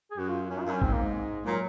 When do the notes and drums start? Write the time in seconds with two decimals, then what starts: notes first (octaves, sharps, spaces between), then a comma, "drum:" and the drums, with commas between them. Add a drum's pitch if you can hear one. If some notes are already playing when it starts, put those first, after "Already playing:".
0.11 G#4
0.18 F#2 F#4
0.29 F4
0.50 F#2 C#4
0.61 F4
0.66 F#2
0.72 C#4
0.82 G#2 C4, drum: kick A#1
0.92 A#3
1.03 G#3
1.46 A#2 F#3